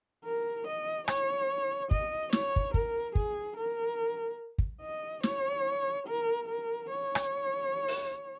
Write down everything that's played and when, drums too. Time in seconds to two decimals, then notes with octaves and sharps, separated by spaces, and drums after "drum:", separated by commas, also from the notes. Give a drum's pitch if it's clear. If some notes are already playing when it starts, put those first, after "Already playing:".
0.24 A#4
0.67 D#5
1.08 C#5, drum: rim click
1.91 D#5, drum: kick
2.33 C#5, drum: snare
2.56 drum: kick
2.74 A#4, drum: kick
3.15 G#4, drum: kick
3.57 A#4
4.58 drum: kick
4.81 D#5
5.23 C#5, drum: snare
6.06 A#4
6.48 A#4
6.89 C#5
7.15 drum: rim click
7.88 drum: open hi-hat